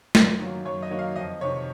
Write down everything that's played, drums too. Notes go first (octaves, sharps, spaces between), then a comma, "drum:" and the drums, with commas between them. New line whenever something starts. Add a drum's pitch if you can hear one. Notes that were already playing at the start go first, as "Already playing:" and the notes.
F#2, drum: snare
D#3 F#3 A#3
F#2 C#5
D#5
D#3 F#3 A#3
F5
F2 D#5
C3 D#3 C#5